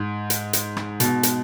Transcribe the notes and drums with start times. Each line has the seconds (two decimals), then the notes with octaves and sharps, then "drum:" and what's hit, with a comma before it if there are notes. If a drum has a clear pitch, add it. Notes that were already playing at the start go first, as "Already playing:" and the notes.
Already playing: G#2
0.30 drum: hi-hat
0.53 drum: hi-hat
0.77 drum: rim click
1.00 B2, drum: hi-hat
1.23 drum: hi-hat